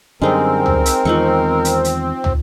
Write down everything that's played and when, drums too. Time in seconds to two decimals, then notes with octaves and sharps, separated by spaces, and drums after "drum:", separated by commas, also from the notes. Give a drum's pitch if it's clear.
0.22 F#2 D3 G3 G#3 C4 D#4 G#4 A#4
0.66 drum: tom
0.86 drum: hi-hat
1.05 E2 D#3 F3 G#3 D#4 C#6
1.65 drum: hi-hat
1.84 drum: hi-hat
2.24 drum: tom